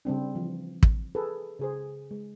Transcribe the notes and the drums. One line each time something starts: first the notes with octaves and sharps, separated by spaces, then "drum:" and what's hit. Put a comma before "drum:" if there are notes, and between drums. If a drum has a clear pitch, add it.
C#3 G3 C4 D4
E3 F3
drum: kick
G#4 A4 B4
C#3 G#4 C5
G#3